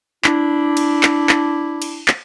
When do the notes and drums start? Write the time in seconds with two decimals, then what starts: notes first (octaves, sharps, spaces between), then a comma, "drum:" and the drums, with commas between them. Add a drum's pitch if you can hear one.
0.24 D4 E4, drum: clap
0.77 drum: cymbal
1.03 drum: clap
1.29 drum: clap
1.82 drum: cymbal
2.08 drum: clap